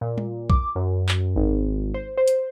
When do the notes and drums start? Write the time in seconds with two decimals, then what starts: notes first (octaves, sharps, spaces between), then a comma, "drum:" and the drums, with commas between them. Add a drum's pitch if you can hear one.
0.01 A#2
0.18 drum: tom G3
0.50 D6, drum: kick
0.75 F#2
1.09 drum: clap
1.36 G#1
1.94 C5
2.18 C5
2.28 drum: hi-hat